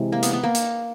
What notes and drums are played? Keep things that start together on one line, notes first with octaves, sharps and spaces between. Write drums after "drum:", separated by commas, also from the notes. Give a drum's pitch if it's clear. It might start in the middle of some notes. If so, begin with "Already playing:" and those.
Already playing: C3 E3 G#3
A#3
B3, drum: hi-hat
B3
A#3
drum: hi-hat